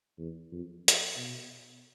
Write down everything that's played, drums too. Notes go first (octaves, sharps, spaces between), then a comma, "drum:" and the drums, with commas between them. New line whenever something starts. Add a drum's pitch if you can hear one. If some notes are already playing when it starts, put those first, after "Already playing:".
E2
F2
drum: hi-hat
B2